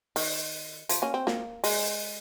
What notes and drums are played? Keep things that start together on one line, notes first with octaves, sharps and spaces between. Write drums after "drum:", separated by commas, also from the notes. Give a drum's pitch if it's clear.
D#3, drum: open hi-hat
F3, drum: hi-hat
A#3 C#4
C4
A#3, drum: snare
G#3, drum: open hi-hat